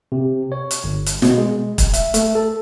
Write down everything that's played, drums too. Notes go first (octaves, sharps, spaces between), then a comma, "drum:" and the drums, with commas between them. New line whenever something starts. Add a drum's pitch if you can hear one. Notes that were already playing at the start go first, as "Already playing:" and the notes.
C3
C#5
drum: hi-hat
G1
drum: hi-hat
B2, drum: snare
G#3
drum: kick, hi-hat
E5, drum: hi-hat
A3, drum: hi-hat
A4